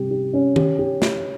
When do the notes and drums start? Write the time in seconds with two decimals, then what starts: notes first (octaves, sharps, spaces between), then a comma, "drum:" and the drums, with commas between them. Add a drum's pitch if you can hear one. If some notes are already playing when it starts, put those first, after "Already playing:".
Already playing: C3 G3 G4
0.11 G4
0.33 C#4
0.56 G4, drum: tom D#3
0.79 G4
1.02 drum: snare